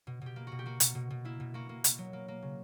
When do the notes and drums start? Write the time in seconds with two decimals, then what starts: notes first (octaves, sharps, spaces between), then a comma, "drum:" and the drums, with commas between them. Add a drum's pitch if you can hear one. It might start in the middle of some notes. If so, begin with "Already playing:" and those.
0.07 B2
0.22 B2 G4
0.36 A#3
0.47 B2 F#4
0.59 G4
0.66 A#3 F#4
0.80 B2, drum: hi-hat
0.95 B2
1.10 B2
1.25 A#3 E4
1.40 B2
1.54 A#3 F#4
1.69 A#3
1.84 B2, drum: hi-hat
1.98 F#3
2.13 A#3
2.28 A#3
2.42 C#3